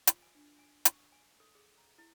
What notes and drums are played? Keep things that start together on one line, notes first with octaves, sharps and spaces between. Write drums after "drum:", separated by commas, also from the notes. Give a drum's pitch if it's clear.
F4, drum: hi-hat
G#5
D4
G#5
C#6, drum: hi-hat
G#5
A4
G#4
A#5
E4